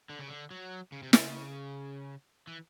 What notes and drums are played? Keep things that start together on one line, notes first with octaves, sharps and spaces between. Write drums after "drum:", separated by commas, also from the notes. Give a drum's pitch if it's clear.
D3
C#3
D3
F#3
C#3
C3
C#3, drum: snare
E3